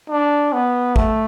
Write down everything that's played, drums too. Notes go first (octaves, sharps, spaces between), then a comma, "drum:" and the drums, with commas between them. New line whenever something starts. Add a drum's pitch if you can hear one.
D4
B3
A3, drum: kick A#1